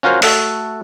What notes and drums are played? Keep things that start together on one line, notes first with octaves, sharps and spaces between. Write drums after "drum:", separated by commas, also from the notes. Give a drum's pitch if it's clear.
C#4 F4 F#4 A#4 C5 C#5
A3 F#4 A4, drum: open hi-hat